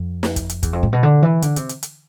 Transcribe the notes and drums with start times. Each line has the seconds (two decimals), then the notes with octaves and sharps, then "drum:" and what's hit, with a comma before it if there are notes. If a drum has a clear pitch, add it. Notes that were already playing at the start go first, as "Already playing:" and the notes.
Already playing: F2
0.23 drum: snare
0.36 drum: kick, hi-hat
0.49 drum: hi-hat
0.63 E2, drum: kick, hi-hat
0.73 F2
0.83 A2
0.93 B2
1.03 D3
1.23 E3
1.42 D3, drum: hi-hat
1.56 C3, drum: hi-hat
1.69 drum: hi-hat
1.83 drum: hi-hat